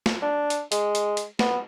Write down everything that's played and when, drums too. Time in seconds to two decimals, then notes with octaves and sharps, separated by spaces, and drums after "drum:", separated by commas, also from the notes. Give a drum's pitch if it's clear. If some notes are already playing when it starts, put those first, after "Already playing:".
0.06 drum: snare
0.22 D4
0.50 drum: hi-hat
0.72 G#3, drum: hi-hat
0.95 drum: hi-hat
1.17 drum: hi-hat
1.39 B3, drum: snare